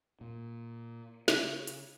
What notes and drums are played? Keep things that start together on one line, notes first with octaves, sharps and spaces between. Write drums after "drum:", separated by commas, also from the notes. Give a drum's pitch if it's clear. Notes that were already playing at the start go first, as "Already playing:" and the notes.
A#2
C#3, drum: snare
drum: hi-hat